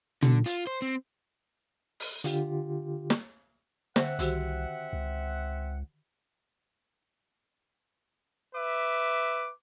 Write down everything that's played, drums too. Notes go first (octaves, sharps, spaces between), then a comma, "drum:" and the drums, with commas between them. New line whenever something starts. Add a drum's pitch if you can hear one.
D3, drum: tom
F4, drum: hi-hat
C5
C4
drum: open hi-hat
D3 F4 G4, drum: hi-hat
drum: snare
D3 C4 C5 E5 F#5, drum: snare
C2 D#3 F#4 G4, drum: hi-hat
C#2
B4 E5 D6